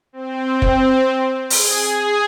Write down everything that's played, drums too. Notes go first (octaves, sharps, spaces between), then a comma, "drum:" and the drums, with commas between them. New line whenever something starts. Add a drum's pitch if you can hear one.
C4
drum: kick
G#4, drum: open hi-hat